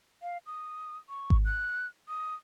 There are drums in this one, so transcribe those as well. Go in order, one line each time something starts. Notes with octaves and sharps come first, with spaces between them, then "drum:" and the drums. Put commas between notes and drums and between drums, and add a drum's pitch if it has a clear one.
F5
D#6
C#6
drum: kick G#1
F#6
D#6